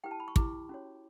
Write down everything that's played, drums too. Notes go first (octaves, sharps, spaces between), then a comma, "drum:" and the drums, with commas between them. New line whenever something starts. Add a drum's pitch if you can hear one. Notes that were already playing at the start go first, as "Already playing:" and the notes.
E4 G4 B4 G5
A5
B5
C#6
E4 G4 B4 D6, drum: kick
C#4 F#4 C#5